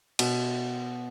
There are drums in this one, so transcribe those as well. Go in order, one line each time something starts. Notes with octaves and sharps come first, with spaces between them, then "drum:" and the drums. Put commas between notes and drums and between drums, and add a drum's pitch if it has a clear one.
B2, drum: cymbal